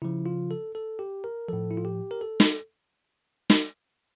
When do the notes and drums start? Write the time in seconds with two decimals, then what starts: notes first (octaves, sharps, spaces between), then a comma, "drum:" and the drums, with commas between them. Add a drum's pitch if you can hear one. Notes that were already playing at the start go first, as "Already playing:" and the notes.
0.02 C#3 F3 E4
0.26 F4
0.51 A4
0.75 A4
0.99 G4
1.24 A#4
1.48 A2 F3 A4
1.71 E4
1.77 F4
1.85 G4
2.11 A#4
2.21 A4
2.40 drum: snare
3.50 drum: snare